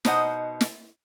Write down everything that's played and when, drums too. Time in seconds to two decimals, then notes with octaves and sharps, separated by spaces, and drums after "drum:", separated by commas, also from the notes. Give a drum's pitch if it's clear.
0.05 B2 D#4 C5 D#5 F#5, drum: snare
0.61 drum: snare